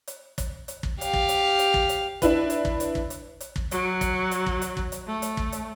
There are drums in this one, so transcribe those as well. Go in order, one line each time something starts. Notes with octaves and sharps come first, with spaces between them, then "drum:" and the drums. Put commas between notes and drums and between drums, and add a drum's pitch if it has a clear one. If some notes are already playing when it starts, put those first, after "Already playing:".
drum: hi-hat
drum: kick, hi-hat
drum: hi-hat
drum: kick
G4 F5, drum: hi-hat
drum: kick
drum: hi-hat
drum: hi-hat
drum: kick
drum: hi-hat
D4 E4 B4, drum: kick, hi-hat
drum: hi-hat
drum: kick
drum: hi-hat
drum: kick
drum: hi-hat
drum: hi-hat
drum: kick
F#3, drum: hi-hat
drum: kick, hi-hat
drum: hi-hat
drum: kick
drum: hi-hat
drum: kick
drum: hi-hat
A3
drum: hi-hat
drum: kick
drum: hi-hat